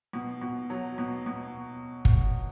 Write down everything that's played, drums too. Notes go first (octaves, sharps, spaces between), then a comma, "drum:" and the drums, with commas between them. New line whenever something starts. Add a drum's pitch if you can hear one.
B2
B2
F#3
B2
B2
drum: kick